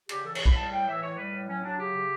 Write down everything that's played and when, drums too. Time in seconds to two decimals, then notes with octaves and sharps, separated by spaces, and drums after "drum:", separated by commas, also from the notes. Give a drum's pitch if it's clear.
0.09 C#3 G4, drum: cymbal
0.24 E3 A4
0.35 C#5, drum: cymbal
0.40 A2
0.46 B5, drum: kick
0.55 G3 A5
0.71 A2 G5
0.86 E3 E5
1.01 A2 C#5
1.17 G3 B4
1.32 A2
1.47 F#3 C#4
1.64 F#3 D4
1.78 C#3 G4
1.94 C#3